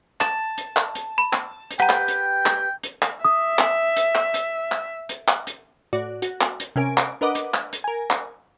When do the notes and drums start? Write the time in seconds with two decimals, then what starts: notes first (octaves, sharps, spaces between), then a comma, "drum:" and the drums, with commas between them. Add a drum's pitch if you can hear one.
0.21 A5, drum: clap
0.58 drum: hi-hat
0.77 drum: clap
0.95 drum: hi-hat
1.18 B5
1.33 drum: clap
1.71 drum: hi-hat
1.80 G4 B4 F#5 G5 A#5
1.89 drum: clap
2.08 drum: hi-hat
2.46 drum: clap
2.84 drum: hi-hat
3.02 drum: clap
3.25 E5 D#6
3.59 drum: clap
3.96 drum: hi-hat
4.15 drum: clap
4.34 drum: hi-hat
4.72 drum: clap
5.09 drum: hi-hat
5.28 drum: clap
5.47 drum: hi-hat
5.93 A2 F#4 D5
6.22 F#4, drum: hi-hat
6.41 drum: clap
6.60 drum: hi-hat
6.76 C3 C#4 A#4 G#5 D7
6.98 drum: clap
7.21 D4 A#4 B4 D#5 F#5 D6
7.35 drum: hi-hat
7.54 drum: clap
7.73 drum: hi-hat
7.84 A#4 G#5
8.10 drum: clap